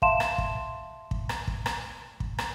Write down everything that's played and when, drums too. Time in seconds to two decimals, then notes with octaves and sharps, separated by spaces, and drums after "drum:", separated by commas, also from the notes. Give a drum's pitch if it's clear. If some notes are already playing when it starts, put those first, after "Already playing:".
0.02 E5 F5 A5 C6 E7, drum: kick
0.20 drum: rim click
0.38 drum: kick
1.11 drum: kick
1.29 drum: rim click
1.47 drum: kick
1.66 drum: rim click
2.20 drum: kick
2.38 drum: rim click